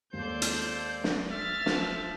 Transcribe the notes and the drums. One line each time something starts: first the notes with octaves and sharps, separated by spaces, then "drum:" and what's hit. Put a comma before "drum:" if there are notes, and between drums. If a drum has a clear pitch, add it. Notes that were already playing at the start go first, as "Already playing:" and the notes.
D#2 G#3 A4 C5 D5 G6
drum: hi-hat
drum: snare
E5 F6 A6
F3 F4, drum: snare